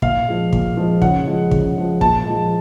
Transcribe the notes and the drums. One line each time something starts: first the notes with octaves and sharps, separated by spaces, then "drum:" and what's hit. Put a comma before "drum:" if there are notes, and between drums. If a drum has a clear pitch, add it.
A#2 F5, drum: kick
F3 G#3
A#2, drum: kick
F3 G#3
C#3 F#5, drum: kick
F3 G#3
C#3, drum: kick
F3 G#3
A#2 A5, drum: kick
F3 G#3